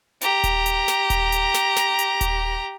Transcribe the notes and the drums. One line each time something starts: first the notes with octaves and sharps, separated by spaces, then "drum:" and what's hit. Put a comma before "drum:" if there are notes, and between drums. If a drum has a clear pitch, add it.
G4 A#5, drum: hi-hat
drum: kick D#1, hi-hat
drum: hi-hat
drum: snare
drum: kick D#1, hi-hat
drum: hi-hat
drum: snare
drum: snare
drum: hi-hat
drum: kick D#1, hi-hat